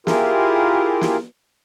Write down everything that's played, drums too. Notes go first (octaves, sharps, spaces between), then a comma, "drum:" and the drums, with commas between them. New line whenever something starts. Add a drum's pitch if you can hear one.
E4 F4 G4 G#4 A#4, drum: snare
drum: snare